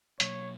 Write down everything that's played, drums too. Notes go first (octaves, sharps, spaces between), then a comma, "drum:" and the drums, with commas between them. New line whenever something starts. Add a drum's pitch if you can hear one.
B2 F#3 A#3 C#5, drum: hi-hat